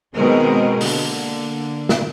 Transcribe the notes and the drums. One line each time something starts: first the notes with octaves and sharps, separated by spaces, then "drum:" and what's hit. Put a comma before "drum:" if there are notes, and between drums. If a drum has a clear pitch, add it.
B2 D#3 G#3 C4 G#4 A#4
D3 A#3, drum: open hi-hat
drum: snare